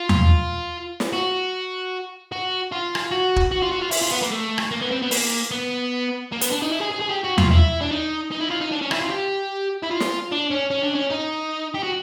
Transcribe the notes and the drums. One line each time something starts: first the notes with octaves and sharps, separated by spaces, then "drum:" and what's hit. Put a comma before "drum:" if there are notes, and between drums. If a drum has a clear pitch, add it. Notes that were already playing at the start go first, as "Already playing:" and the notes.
Already playing: F4
drum: tom E2
drum: snare
F#4
F#4
F4
drum: rim click
F#4
drum: kick
F#4
F4
F#4
F4
E4, drum: open hi-hat
F4
B3
A#3
A3
drum: rim click
A#3
B3
C4
B3
A#3, drum: open hi-hat
B3
A#3
B3, drum: hi-hat
D4
D#4
E4
G#4
G#4
G#4
G4
F#4
F4, drum: tom E2
E4
D4
D#4
D#4
E4
F4
D#4
D4
C#4
E4, drum: rim click
F4
G4
E4
F4
drum: snare
D4
C#4
C#4
D4
C#4
D#4
G4
F#4